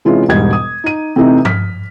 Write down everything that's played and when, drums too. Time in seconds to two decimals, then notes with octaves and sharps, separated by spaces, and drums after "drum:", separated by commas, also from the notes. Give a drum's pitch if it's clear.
0.05 C3 E3 G#3 C#4 F4
0.29 E1 G#2 G3 D#5 G#6
0.53 D#6
0.84 D#4 D#7
1.16 C3 E3 A3 C4 D#4 G4
1.45 F6 B6, drum: tom G2